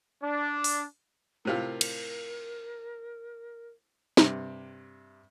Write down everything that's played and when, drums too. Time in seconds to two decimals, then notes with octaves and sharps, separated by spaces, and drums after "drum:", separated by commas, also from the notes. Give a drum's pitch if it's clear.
0.22 D4
0.64 drum: open hi-hat
1.45 A2 C3 F4 A#4
1.81 drum: cymbal
4.17 G2 C3, drum: snare